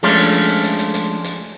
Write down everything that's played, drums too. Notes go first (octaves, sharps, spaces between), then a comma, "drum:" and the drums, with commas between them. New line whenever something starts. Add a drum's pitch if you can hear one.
F3 G#3 A3 C#4 D4 F4, drum: open hi-hat
drum: hi-hat
drum: hi-hat
drum: hi-hat
drum: hi-hat
drum: hi-hat
drum: hi-hat
drum: hi-hat